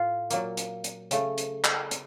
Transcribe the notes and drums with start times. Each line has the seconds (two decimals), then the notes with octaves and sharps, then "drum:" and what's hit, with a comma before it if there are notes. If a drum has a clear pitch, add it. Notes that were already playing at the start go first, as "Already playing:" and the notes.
Already playing: A2 A3 F4
0.30 A#2 F#3 A#3, drum: hi-hat
0.57 drum: hi-hat
0.84 drum: hi-hat
1.11 C#3 A3, drum: hi-hat
1.38 drum: hi-hat
1.64 drum: clap
1.91 drum: hi-hat